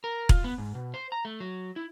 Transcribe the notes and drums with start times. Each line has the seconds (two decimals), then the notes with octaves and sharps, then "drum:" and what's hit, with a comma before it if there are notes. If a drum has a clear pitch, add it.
0.04 A#4
0.29 F4, drum: kick E1
0.44 B3
0.58 G#2
0.75 B2
0.94 C5
1.12 A#5
1.25 A3
1.40 F#3
1.76 E4